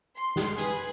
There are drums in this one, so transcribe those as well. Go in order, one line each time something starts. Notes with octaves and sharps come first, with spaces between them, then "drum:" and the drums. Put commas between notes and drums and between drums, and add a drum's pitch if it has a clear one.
C6
drum: snare
G#4 B4, drum: hi-hat